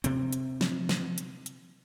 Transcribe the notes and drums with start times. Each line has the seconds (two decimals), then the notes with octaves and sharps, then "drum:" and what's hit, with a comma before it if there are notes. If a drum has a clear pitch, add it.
0.04 C3 C4, drum: hi-hat
0.33 drum: hi-hat
0.61 drum: snare
0.89 drum: snare
1.18 drum: hi-hat
1.46 drum: hi-hat